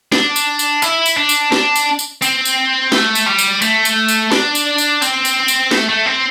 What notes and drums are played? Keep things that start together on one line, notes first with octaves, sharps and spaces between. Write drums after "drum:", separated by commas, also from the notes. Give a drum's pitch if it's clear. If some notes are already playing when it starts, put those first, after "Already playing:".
D4, drum: snare
drum: tambourine
drum: tambourine
E4, drum: tambourine
drum: tambourine
D4
drum: tambourine
D4, drum: snare
drum: tambourine
drum: tambourine
C4, drum: tambourine
drum: tambourine
A3, drum: snare
drum: tambourine
G3
drum: tambourine
A3, drum: tambourine
drum: tambourine
drum: tambourine
D4, drum: snare
drum: tambourine
drum: tambourine
C4, drum: tambourine
drum: tambourine
drum: tambourine
A3, drum: snare
A3
C4